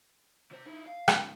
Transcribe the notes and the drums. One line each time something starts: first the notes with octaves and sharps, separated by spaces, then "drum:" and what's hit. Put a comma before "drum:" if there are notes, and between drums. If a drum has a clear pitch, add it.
C3 C5
D#4 E4
F5
G#2 C#3, drum: rim click